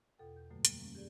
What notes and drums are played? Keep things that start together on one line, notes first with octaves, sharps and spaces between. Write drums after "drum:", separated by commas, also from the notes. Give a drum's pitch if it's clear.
E2 B2 F4 A4 F#5 G5
G6
F#2 B2 D3 F#3 A3 A#3
G3 A#3, drum: hi-hat
F3 G#3 A#3 C#4
G4 G#4 D5 G6